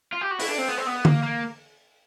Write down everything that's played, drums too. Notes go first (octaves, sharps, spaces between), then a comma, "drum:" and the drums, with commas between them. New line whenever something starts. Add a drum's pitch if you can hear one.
F4
G4
F#4
E4, drum: open hi-hat
D4
C4
B3
C4
B3
A#3, drum: tom D3
A#3